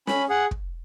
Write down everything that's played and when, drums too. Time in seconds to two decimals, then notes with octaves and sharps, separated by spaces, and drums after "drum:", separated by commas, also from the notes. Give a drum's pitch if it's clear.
0.07 C#4 B5, drum: snare
0.29 G#4 F#5
0.51 drum: kick